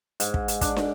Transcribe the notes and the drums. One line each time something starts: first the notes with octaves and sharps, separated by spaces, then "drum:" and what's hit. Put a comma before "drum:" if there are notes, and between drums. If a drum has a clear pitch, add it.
G#2, drum: hi-hat
drum: kick
drum: hi-hat
D4, drum: kick, hi-hat
drum: snare